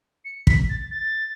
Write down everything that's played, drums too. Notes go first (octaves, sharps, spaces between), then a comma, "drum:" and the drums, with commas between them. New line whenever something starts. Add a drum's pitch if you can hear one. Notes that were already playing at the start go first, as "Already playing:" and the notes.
C#7
B6, drum: kick
A6
A6